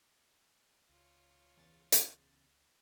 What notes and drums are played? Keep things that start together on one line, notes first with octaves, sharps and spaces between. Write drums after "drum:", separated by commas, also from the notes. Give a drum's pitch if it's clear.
C#2 F4 C#5
E2 C#3 A6
drum: hi-hat